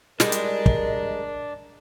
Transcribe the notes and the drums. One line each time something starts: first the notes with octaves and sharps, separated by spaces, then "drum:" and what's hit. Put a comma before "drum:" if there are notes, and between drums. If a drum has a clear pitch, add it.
G3 G#3 D4 A#4 D#5, drum: snare
drum: hi-hat
drum: kick